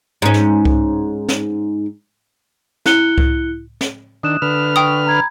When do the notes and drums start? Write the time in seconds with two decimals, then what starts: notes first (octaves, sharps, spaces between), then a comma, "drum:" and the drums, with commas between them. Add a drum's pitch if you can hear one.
0.22 G#2 C#4
0.34 drum: snare
0.65 drum: kick C2
1.28 drum: snare
2.86 E4 F#6 C#7 G7, drum: snare
3.18 drum: kick C2
3.81 drum: snare
4.23 D#3 D4 D#6 F#6 E7
4.42 D3 B4 F6
4.76 G5 C#6 D#6
5.07 A#5 B5 G#6